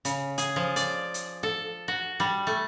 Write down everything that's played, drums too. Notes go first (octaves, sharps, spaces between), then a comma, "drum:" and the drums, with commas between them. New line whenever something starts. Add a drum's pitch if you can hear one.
C#3, drum: hi-hat
G#4, drum: hi-hat
F3
D5, drum: hi-hat
drum: hi-hat
A4
F#4
G3
A3